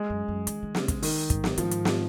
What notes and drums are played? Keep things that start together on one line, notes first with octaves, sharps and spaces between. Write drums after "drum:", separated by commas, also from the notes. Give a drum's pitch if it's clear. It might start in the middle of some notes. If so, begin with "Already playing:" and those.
Already playing: G#3
F#2
F#2
D#3, drum: hi-hat
D#3
C#3, drum: snare
drum: kick, hi-hat
D#3, drum: open hi-hat
G#2, drum: kick, hi-hat
drum: snare
G#2 F3, drum: hi-hat
drum: hi-hat
drum: snare